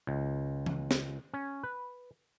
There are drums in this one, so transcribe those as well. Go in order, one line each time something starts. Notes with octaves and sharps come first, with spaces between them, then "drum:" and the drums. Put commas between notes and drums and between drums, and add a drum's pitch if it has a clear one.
C#2
drum: tom E3
drum: snare
C#4
B4